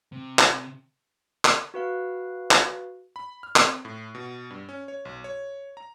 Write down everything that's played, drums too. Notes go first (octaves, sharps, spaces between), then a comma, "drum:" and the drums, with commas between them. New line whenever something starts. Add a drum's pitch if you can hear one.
C3
drum: clap
drum: clap
F#4 B4 F5
drum: clap
B5
F6
C4, drum: clap
A2
B2
G2
C#4
C#5
B1
C#5
A#5